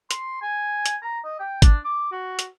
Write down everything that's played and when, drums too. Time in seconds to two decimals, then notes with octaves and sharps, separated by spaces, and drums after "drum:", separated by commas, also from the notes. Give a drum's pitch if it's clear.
0.11 C6, drum: hi-hat
0.42 G#5
0.86 drum: hi-hat
1.02 A#5
1.24 D#5
1.40 G5
1.62 D4, drum: kick G#1, hi-hat
1.84 D6
2.12 F#4
2.39 drum: hi-hat